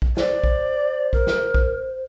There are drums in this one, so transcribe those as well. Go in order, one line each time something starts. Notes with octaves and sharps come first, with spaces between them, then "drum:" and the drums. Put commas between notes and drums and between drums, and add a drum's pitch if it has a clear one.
drum: kick A#1
C5 D5, drum: snare
drum: kick A#1
A#4, drum: kick A#1
drum: snare
drum: kick A#1